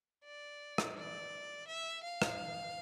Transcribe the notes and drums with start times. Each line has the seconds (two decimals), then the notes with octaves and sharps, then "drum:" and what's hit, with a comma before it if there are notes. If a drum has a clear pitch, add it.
0.25 D5
0.78 drum: rim click
0.96 D5
1.67 E5
2.03 F5
2.22 drum: rim click